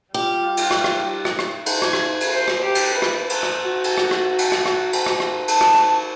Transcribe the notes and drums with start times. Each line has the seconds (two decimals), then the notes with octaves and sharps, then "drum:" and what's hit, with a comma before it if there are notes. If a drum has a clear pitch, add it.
0.14 G3 F4 G4
0.57 drum: cymbal
0.71 drum: rim click
0.84 drum: rim click
1.25 drum: rim click
1.39 drum: rim click
1.66 drum: cymbal
1.82 G#6, drum: rim click
1.93 drum: rim click
2.21 drum: cymbal
2.30 C5
2.48 drum: rim click
2.61 G4
2.75 drum: cymbal
2.93 B4
3.02 drum: rim click
3.29 drum: cymbal
3.43 drum: rim click
3.62 F#4
3.84 drum: cymbal
3.98 drum: rim click
4.11 drum: rim click
4.38 drum: cymbal
4.52 drum: rim click
4.66 drum: rim click
4.93 drum: cymbal
5.06 drum: rim click
5.20 drum: rim click
5.48 A5, drum: cymbal
5.61 drum: rim click
5.75 drum: rim click